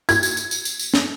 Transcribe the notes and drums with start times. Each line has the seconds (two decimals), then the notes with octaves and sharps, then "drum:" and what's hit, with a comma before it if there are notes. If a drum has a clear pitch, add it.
0.09 G#6, drum: tambourine
0.23 drum: tambourine
0.37 drum: tambourine
0.51 drum: tambourine
0.65 drum: tambourine
0.79 drum: tambourine
0.94 drum: snare